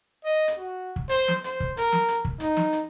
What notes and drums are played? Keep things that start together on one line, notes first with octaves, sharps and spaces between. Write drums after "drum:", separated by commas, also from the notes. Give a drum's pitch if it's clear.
D#5
drum: hi-hat
F#4
drum: kick
C5, drum: hi-hat
drum: snare
C5, drum: hi-hat
drum: kick
A#4, drum: hi-hat
drum: snare
drum: hi-hat
drum: kick
D#4, drum: hi-hat
drum: snare
drum: hi-hat